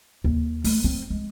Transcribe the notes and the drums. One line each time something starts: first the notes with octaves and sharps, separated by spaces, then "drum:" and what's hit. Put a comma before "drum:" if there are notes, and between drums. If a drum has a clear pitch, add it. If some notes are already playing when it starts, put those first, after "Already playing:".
D#2
A3, drum: open hi-hat
C4
G#3